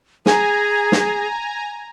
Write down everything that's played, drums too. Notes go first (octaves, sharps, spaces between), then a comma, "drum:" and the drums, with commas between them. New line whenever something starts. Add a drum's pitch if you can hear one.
G#4 G#5 A#5, drum: snare
drum: snare